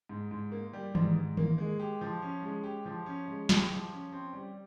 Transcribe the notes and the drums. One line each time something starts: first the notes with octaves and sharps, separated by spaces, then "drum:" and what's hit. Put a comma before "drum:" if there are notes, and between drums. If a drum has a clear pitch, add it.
G#2
G#2
A#3
G3
G#2, drum: tom D#3
G#2
A#3, drum: tom D#3
G#3
G4
F3
C#4
G#3
G4
F3
C#4
G#3
G4, drum: snare
F3
C#4
C4
G3